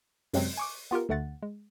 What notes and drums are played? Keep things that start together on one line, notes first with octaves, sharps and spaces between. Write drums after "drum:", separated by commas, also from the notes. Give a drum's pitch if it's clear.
F#2 C3 F#3 G#3 C4, drum: open hi-hat
G#5 C#6 D6
B3 F4 G4 A#4
D2 D3 A3 F#5 A6
G#3